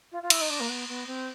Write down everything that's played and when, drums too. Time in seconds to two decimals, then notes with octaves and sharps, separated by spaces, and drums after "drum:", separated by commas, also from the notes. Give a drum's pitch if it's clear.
0.11 F4
0.22 F4
0.30 E4, drum: cymbal
0.41 D#4
0.49 D4
0.60 A#3
0.68 B3
0.88 B3
1.06 C4